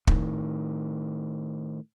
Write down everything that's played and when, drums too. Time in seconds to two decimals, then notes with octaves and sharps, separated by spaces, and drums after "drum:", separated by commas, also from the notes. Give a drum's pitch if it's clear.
0.07 A2 D#3, drum: kick